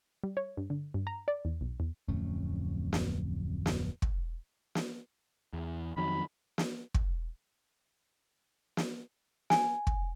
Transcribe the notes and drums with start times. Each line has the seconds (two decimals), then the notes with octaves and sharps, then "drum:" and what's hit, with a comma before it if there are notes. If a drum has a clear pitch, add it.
0.24 G3
0.37 C#5
0.57 G2
0.70 D3
0.94 G2
1.07 A#5
1.28 D5
1.45 E2
1.61 B1
1.80 E2
2.08 D1 F2 A3 C#4
2.93 drum: snare
3.66 drum: snare
4.02 drum: kick
4.75 drum: snare
5.53 E2
5.97 F2 D#3 F#3 B5
6.58 drum: snare
6.94 drum: kick
8.77 drum: snare
9.50 G#5, drum: snare
9.87 drum: kick